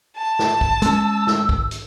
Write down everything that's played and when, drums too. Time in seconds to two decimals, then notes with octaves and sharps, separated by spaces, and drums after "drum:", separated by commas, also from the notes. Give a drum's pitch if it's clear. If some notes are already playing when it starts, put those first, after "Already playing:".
0.17 A5
0.39 drum: snare
0.61 drum: kick
0.82 G#3 C#4 E6, drum: hi-hat
1.27 drum: snare
1.49 drum: kick
1.71 drum: hi-hat